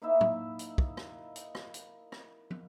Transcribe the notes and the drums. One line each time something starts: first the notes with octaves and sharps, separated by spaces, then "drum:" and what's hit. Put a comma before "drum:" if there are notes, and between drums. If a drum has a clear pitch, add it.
A#3 D#4 E4 E5
drum: tom
drum: hi-hat
drum: kick
drum: rim click
drum: hi-hat
drum: rim click
drum: hi-hat
drum: rim click
drum: tom